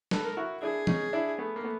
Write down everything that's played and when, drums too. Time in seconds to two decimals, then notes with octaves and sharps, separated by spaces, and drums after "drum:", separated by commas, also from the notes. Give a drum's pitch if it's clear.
0.11 A4 B4, drum: snare
0.24 A#4
0.37 E4 F#4
0.62 D4 E4 G#4
0.87 C#4 D#4, drum: tom E3
1.13 D4 E4
1.38 A3 B3
1.56 A#3
1.63 A3 B3